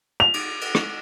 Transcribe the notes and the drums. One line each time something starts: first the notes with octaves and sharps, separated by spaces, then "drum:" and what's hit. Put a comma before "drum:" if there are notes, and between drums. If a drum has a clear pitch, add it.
F7
drum: cymbal
drum: cymbal
drum: rim click